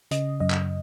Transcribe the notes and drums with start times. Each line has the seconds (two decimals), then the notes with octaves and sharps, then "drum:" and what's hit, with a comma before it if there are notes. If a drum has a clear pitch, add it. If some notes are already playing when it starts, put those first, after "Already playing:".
0.11 C#3 D#5, drum: hi-hat
0.40 F#2 D#5
0.50 drum: clap